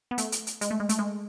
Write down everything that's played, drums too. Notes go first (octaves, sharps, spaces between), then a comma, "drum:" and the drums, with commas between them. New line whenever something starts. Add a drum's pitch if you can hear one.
B3
A3, drum: hi-hat
drum: hi-hat
drum: hi-hat
G#3, drum: hi-hat
A3
G#3
A3, drum: hi-hat
G#3